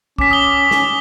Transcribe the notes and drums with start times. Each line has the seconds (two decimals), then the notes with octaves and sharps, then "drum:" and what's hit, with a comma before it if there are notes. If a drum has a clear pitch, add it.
0.18 C#4 D6 B6, drum: kick
0.31 D#6 G7
0.71 drum: snare